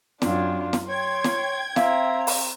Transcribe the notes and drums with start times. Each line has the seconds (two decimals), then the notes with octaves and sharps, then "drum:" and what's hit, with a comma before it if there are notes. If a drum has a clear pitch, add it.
0.22 F#2 C4 D4 F4, drum: snare
0.73 drum: snare
0.88 C#5 G5 C6 G#6
1.24 drum: snare
1.76 C4 E5 F5 A#5, drum: snare
2.27 drum: open hi-hat